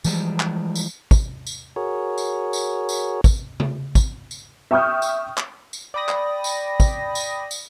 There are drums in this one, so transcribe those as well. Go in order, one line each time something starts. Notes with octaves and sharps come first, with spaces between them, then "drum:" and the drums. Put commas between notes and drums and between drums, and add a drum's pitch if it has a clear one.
E3 F3 G3 G#3, drum: tambourine
drum: clap
drum: tambourine
drum: kick, tambourine
drum: tambourine
F#4 G#4 A#4 C#5
drum: tambourine
drum: tambourine
drum: tambourine
drum: kick, tambourine
drum: tom C#3
drum: kick, tambourine
drum: tambourine
E5 G5 C#6 D#6 F6 G6
drum: tambourine
drum: clap
drum: tambourine
D5 G5 B5 D#6 A#6
drum: clap
drum: tambourine
drum: kick, tambourine
drum: tambourine
drum: tambourine